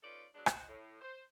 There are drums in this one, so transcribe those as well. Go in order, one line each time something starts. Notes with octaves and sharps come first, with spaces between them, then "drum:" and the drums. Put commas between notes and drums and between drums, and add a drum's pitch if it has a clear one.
C#4 D#4 F4 A4 B4 D5
F#3 G#3 B3 D4
D#4 F#4 C5, drum: rim click
A2
C5